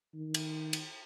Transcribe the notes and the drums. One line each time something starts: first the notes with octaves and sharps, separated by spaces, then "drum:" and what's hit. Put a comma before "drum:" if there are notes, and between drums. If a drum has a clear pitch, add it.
D#3
drum: cymbal
drum: cymbal